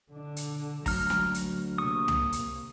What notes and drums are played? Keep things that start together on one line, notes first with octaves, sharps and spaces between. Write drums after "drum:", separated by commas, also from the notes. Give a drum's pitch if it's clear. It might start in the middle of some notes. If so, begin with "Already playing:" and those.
D3 D4
drum: hi-hat
D2 F#3 A#5 F6, drum: kick, open hi-hat
drum: snare
drum: hi-hat
C3 A#3 C#6 D#6
drum: tom
drum: hi-hat